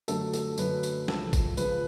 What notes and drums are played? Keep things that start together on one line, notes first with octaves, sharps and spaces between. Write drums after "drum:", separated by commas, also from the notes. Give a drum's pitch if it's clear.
F#2 D3 F#3 A3 A4, drum: tambourine
A4, drum: tambourine
F#2 D3 F#3 A3 B4, drum: tambourine
drum: tambourine
C#2 C#3 F3 A4, drum: snare
drum: kick G#1, tambourine
C#2 C#3 F3 B4, drum: tambourine